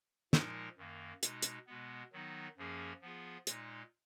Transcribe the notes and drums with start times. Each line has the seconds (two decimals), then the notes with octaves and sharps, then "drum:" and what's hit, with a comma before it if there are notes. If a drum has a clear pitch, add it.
0.33 A#2 F3 G#3 D#4 A#4, drum: snare
0.77 F#2 D#3 A#3
1.23 B2 G#3 D#4, drum: hi-hat
1.42 drum: hi-hat
1.67 B2 G#3 B3
2.13 D#3 F#3 B3 D#4
2.57 F#2 F3 A#3 C#4 G#4
3.01 F3 B3 F4 G#4
3.47 A#2 G#3 D#4, drum: hi-hat